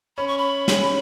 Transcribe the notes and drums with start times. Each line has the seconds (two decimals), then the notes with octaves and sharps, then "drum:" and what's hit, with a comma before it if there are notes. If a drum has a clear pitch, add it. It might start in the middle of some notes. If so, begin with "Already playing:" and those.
0.17 C#4 B5
0.28 C#6
0.38 B5
0.68 C#4, drum: snare